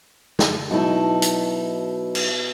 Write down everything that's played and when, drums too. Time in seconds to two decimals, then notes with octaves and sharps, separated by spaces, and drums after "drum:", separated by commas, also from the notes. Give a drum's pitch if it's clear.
0.39 drum: snare
0.71 B2 F#3 D#4 E4 A5
1.22 drum: hi-hat
2.15 drum: cymbal